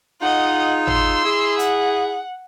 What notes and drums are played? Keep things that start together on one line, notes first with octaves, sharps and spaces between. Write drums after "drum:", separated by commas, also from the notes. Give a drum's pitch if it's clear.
D#4 F4 G#4 D#5 F#5
C6 E6, drum: tom G#1
E4 G#4
F#5, drum: hi-hat